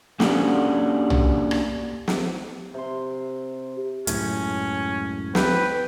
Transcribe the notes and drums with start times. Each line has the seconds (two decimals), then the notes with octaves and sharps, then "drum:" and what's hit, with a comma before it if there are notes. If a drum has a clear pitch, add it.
0.20 A#3 C#4 D4 F#4 G4 A4, drum: snare
1.10 drum: tom
1.51 drum: rim click
2.08 drum: snare
2.74 C3 C6
4.07 C#2 F#2 A2 C#4, drum: hi-hat
5.35 B4 G5, drum: snare